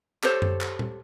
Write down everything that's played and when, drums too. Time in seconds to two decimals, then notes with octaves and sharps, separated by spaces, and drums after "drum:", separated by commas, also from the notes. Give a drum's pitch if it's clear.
0.23 G4 A4 C5 C#5, drum: clap
0.42 drum: tom F#2
0.61 drum: clap
0.79 drum: tom A#2